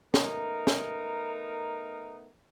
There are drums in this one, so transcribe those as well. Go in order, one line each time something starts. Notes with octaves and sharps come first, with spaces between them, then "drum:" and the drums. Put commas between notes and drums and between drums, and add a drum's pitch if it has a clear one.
A3 B3 D#4 A#4, drum: snare
drum: snare